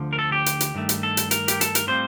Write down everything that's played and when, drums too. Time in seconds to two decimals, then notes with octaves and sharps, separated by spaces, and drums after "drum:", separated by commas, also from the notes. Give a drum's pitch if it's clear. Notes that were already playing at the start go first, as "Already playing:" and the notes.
Already playing: D2 D3 F3
0.13 A#4
0.19 A4
0.32 G4
0.46 drum: hi-hat
0.61 drum: hi-hat
0.75 G2 D#3 A3
0.89 drum: hi-hat
1.03 A4
1.17 drum: hi-hat
1.31 A#4, drum: hi-hat
1.48 G4, drum: hi-hat
1.61 A4, drum: hi-hat
1.75 A#4, drum: hi-hat
1.87 A2 G3 C4 F4 C5